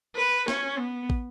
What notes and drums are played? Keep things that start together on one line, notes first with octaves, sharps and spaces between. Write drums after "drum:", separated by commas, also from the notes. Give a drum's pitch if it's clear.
B4
C#4, drum: snare
B3
drum: kick